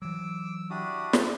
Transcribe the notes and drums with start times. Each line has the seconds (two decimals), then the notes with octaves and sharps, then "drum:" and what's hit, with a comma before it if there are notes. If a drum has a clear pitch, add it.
0.02 E3 F#3 D6 E6
0.70 D4 E4 F#4 G4 D5 D#6
1.13 drum: snare